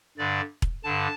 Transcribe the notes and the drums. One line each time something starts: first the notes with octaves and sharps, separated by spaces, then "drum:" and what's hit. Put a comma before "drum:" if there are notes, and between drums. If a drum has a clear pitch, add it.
G2 D3 D5
drum: kick E1
G2 D3 A5